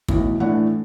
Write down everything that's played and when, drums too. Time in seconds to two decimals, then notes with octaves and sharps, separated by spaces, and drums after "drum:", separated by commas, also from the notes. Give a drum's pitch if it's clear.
0.08 B1 A2 E3, drum: kick
0.40 A2 E3 A3 D4 F#5